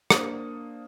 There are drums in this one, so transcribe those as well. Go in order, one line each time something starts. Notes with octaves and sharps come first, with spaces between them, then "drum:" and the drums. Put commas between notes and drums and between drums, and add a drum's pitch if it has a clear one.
A#3 D4 C5 D#6, drum: rim click